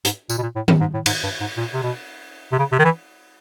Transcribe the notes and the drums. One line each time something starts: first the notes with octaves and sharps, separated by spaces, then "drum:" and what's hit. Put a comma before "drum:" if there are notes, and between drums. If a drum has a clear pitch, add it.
G#2, drum: hi-hat
A#2, drum: tambourine
B2
A#2
A2
A2, drum: tom D#3
G#2
A2
G#2, drum: cymbal
G2
G#2
A#2
C3
B2
C3
C#3
C3
D#3
E3